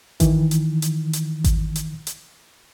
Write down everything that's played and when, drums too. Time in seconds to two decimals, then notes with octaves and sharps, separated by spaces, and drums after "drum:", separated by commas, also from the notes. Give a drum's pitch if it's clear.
0.20 D#3 E3, drum: kick G#1, hi-hat
0.51 drum: hi-hat
0.82 drum: hi-hat
1.13 drum: hi-hat
1.44 drum: kick G#1, hi-hat
1.76 drum: hi-hat
2.07 drum: hi-hat